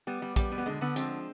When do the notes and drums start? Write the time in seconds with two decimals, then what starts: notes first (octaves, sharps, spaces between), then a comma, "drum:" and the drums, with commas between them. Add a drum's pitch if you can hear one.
0.07 G3 B3
0.22 G3
0.36 G3, drum: kick, hi-hat
0.51 B2
0.58 B3
0.66 D3 G#3
0.81 D3 B3
0.96 F3 G#3 C4, drum: hi-hat